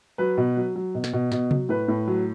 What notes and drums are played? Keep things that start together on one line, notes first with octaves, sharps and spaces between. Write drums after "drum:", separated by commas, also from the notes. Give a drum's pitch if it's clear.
F#3 B4
B2
F#3
F#3
B2
drum: snare
B2
B2, drum: snare
F#3, drum: tom C3
A2 B4
A2
F#3